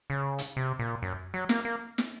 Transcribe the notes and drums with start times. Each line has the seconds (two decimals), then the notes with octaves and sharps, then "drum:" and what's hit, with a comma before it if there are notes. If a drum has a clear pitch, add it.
0.10 C#3
0.38 drum: hi-hat
0.57 C3
0.79 A#2
1.03 F#2
1.34 F#3
1.49 A#3, drum: snare
1.65 A#3
1.98 drum: snare